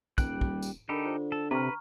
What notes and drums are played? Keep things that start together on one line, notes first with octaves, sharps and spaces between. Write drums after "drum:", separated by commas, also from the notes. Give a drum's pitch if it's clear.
D#1 G3 G5 F#6, drum: kick, tambourine
drum: kick
drum: tambourine
D3 D#4 G4 A4 A#4 B5
F4 C5
A4
C3 B4 A#5 C#6 F6